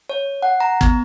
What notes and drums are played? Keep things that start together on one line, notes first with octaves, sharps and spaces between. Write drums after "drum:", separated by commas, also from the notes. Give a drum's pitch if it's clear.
C#5
F#5
A#5
B3, drum: kick